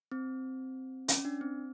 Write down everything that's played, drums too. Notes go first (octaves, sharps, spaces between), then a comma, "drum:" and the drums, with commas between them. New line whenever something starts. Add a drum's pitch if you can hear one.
C4
C#4, drum: hi-hat
D4
C4